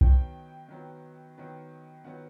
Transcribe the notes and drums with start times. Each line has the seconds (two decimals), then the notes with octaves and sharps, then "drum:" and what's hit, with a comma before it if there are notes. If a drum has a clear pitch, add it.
0.01 D#3 F#3 B3 G5, drum: kick B1
0.68 D#3 F#3 B3
1.37 D#3 F#3 B3
2.04 D#3 F#3 B3 F#5